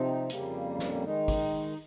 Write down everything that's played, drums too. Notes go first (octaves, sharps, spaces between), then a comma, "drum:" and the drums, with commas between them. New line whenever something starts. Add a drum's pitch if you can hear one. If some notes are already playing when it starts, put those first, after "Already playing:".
Already playing: C3 F3 C4 D#4
F2 C#3 G3 A#3, drum: hi-hat
drum: snare
D#3 G#3 D#4
drum: kick, open hi-hat